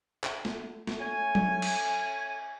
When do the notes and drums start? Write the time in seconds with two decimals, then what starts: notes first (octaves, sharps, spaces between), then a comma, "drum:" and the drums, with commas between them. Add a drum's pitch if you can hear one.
0.24 drum: clap
0.45 drum: snare
0.87 drum: snare
1.01 A3 C#4 C#5 G#5
1.35 drum: tom F#3
1.62 drum: cymbal